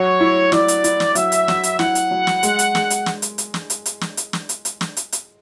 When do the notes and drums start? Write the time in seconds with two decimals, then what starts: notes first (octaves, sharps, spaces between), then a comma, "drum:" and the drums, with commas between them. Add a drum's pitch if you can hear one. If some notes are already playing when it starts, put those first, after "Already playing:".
Already playing: F#3 C#5
0.21 E4
0.52 E4 D5, drum: snare
0.68 drum: hi-hat
0.84 E4, drum: hi-hat
1.00 drum: snare
1.15 F#3 E5, drum: hi-hat
1.32 drum: hi-hat
1.48 F#3, drum: snare
1.63 drum: hi-hat
1.79 E4 F#5, drum: snare
1.95 drum: hi-hat
2.11 F#3
2.27 drum: snare
2.43 G#3, drum: hi-hat
2.59 drum: hi-hat
2.75 G#3, drum: snare
2.90 drum: hi-hat
3.06 drum: snare
3.22 drum: hi-hat
3.38 drum: hi-hat
3.54 drum: snare
3.70 drum: hi-hat
3.86 drum: hi-hat
4.01 drum: snare
4.17 drum: hi-hat
4.33 drum: snare
4.49 drum: hi-hat
4.65 drum: hi-hat
4.81 drum: snare
4.97 drum: hi-hat
5.12 drum: hi-hat